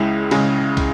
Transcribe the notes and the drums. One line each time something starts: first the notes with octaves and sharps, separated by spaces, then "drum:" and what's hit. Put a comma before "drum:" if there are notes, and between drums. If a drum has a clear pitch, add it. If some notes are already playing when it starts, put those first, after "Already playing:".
Already playing: C#2 C#3 G#3 E4
C#3 G#3, drum: cymbal
drum: kick, cymbal